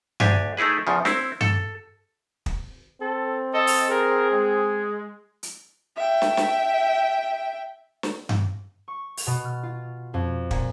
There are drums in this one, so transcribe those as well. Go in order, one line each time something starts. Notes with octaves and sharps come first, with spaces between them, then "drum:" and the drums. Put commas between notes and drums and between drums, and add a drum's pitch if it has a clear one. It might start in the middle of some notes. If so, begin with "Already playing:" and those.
D2 D4 G4 G#5, drum: tom G2
A3 D#4 E4 G#4 B4
E2 C#3 F3
C4 C#4 E4, drum: snare
A4, drum: tom G2
drum: kick
C4 A4
A4 D#5
drum: open hi-hat
G#4 A#4
G#3
drum: hi-hat
E5 G5
drum: snare
drum: snare
drum: snare
drum: tom G2
C#6
drum: open hi-hat
B2
F6
F4
F2
A#2, drum: kick